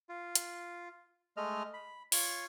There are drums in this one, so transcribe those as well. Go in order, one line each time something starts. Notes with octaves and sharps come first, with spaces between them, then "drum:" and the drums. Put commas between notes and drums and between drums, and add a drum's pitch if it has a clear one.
F4
drum: hi-hat
G#3 A3 D#5 F6
B5
F4 C#5, drum: open hi-hat